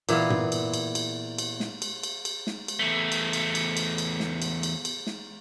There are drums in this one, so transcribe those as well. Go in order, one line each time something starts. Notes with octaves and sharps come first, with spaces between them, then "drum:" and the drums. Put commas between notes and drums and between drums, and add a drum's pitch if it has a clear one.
A#2 E3 B3 F5, drum: cymbal
drum: tom
drum: cymbal
drum: cymbal
drum: cymbal
drum: cymbal
drum: snare
drum: cymbal
drum: cymbal
drum: cymbal
drum: snare
drum: cymbal
E2 A3
drum: cymbal
drum: cymbal
drum: cymbal
drum: cymbal
drum: cymbal
drum: snare
drum: cymbal
drum: cymbal
drum: cymbal
drum: snare